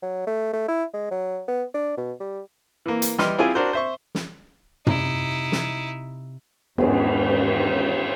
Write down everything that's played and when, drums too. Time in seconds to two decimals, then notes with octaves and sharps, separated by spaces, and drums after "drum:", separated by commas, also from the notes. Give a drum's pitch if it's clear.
0.02 F#3
0.27 A3
0.53 A3
0.68 E4
0.93 G#3
1.11 F#3
1.48 B3
1.74 D4
1.97 B2
2.20 G3
2.86 E3 A#3
3.02 drum: hi-hat
3.18 E3 G3 E4 D#5 C6 F6, drum: snare
3.39 C4 E4 F4 G4 G#4 G#5
3.55 D4 F#4 A#4 C5
3.73 C5 E5 C#6
4.15 drum: snare
4.87 C3 D#4 E4 E7, drum: tom
5.52 drum: snare
6.78 E2 G#2 D#3 B3 G#4, drum: cymbal
7.29 drum: cymbal